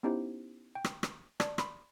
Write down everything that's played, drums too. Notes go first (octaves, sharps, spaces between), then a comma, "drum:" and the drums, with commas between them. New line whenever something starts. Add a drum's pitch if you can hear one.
B3 C#4 D#4 E4 G4 C5
G5
drum: rim click
drum: rim click
D5 A5 G#6, drum: rim click
B5 C6, drum: rim click